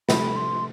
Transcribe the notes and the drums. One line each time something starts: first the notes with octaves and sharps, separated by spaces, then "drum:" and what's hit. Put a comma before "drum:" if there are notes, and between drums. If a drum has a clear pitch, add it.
C3 F3 A3 D4 G4 B5, drum: snare
C6